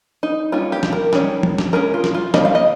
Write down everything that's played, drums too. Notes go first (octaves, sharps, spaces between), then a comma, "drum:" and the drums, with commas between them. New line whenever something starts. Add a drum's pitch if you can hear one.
D#4
G3 A#3 C#4 F4
G4
drum: snare
A#4
D#3 G3 C#4, drum: snare
drum: tom F3
drum: snare
G#3 C#4 A#4
F4
drum: snare
F4
G3 A#3 C#4 D#5, drum: snare
F5
D#5